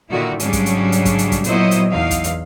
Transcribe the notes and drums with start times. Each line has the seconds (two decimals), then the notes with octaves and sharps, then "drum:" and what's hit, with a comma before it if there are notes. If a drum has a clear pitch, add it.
0.11 A#2 D3 D#3 E4 F#4
0.40 G#2 C#3 F#3 G3 C#4 D4, drum: hi-hat
0.53 drum: kick, hi-hat
0.66 drum: hi-hat
0.92 drum: hi-hat
1.05 drum: kick, hi-hat
1.19 drum: hi-hat
1.32 drum: kick, hi-hat
1.44 A#2 F#3 B3 E4 C5 D#5, drum: hi-hat
1.71 drum: hi-hat
1.90 E2 D#4 F5
2.11 drum: kick, hi-hat
2.24 drum: hi-hat